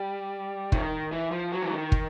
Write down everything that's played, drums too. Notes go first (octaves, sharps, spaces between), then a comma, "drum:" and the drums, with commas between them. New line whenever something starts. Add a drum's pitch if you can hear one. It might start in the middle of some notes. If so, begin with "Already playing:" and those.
Already playing: G3
D#3, drum: kick
E3
F3
F#3
E3
D#3
drum: kick